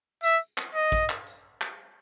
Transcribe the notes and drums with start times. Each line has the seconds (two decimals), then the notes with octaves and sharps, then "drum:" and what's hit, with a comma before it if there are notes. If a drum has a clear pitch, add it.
0.23 E5, drum: tambourine
0.58 drum: clap
0.75 D#5
0.92 drum: kick, tambourine
1.09 drum: clap
1.27 drum: tambourine
1.61 drum: clap